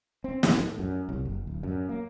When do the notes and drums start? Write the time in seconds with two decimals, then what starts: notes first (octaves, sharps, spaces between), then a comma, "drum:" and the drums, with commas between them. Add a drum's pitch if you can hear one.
0.24 C4
0.43 F#2, drum: snare
0.56 A2
0.79 F#2
1.09 C2
1.25 F#1
1.47 D1
1.63 F#2
1.89 A#3